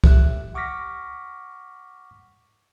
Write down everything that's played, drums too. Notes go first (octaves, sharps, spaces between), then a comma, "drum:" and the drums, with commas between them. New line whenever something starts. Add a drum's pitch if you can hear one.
B1 G4 E5 F#6, drum: kick
F#5 C#6 D6 F6 A#6 B6